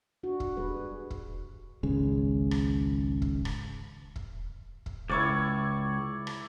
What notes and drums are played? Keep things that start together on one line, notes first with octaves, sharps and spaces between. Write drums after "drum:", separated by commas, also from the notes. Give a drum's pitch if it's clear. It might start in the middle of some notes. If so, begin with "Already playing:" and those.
D4 F#4
drum: kick
G3 G#4 B4
drum: kick
G#1 C#2 C#3 G#3
drum: rim click
drum: kick
drum: rim click
drum: kick
drum: kick
C#2 E4 C#5 D5
drum: rim click